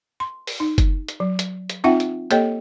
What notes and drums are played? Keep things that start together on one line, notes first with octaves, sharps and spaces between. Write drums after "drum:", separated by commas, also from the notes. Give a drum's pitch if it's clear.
C6
drum: open hi-hat
D#4
drum: kick F#1, hi-hat
drum: hi-hat
F#3
drum: hi-hat
drum: hi-hat
C4 D#4 F4 E5 F#5 G5
drum: hi-hat
A#3 G4 A4 C#5 D#5 G5, drum: hi-hat